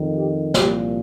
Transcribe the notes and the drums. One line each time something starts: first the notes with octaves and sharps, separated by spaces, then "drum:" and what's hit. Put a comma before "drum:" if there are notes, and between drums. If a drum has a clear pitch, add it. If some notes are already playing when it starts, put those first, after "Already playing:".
Already playing: F2 D#3
G4
C2 A#2 F3 G4, drum: snare